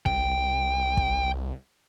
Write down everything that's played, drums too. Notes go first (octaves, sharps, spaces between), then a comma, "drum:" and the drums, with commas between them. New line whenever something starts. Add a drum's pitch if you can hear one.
C2 G5, drum: kick
drum: kick